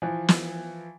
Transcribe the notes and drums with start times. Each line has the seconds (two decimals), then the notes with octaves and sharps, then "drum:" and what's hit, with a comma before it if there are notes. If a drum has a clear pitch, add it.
0.02 E3 F3
0.28 drum: snare